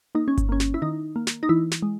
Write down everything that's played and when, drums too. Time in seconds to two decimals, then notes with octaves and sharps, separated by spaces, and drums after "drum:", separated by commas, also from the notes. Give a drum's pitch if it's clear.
0.15 A#3 D#4
0.28 C#4
0.38 drum: kick G1, hi-hat
0.49 A#3 C#4
0.60 drum: snare
0.74 E4
0.82 D#3 D#4
1.16 A#3
1.27 drum: snare
1.43 D#4
1.49 E3 E4
1.71 drum: snare
1.82 G#3